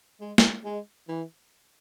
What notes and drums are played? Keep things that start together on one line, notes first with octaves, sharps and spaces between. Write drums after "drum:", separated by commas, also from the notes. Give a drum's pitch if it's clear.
G#3
drum: snare
G#3
E3